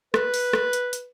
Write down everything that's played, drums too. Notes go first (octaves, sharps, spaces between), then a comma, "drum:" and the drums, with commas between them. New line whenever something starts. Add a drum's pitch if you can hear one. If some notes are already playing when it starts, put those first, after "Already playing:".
B4, drum: rim click
drum: open hi-hat
drum: rim click
drum: hi-hat
drum: hi-hat